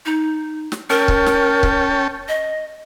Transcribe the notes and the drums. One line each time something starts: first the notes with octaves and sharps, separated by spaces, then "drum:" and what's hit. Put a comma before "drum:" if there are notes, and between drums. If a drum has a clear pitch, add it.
D#4
drum: snare
C#4 A#4 G5 A5
drum: kick C#1
drum: snare
drum: kick C#1
D#5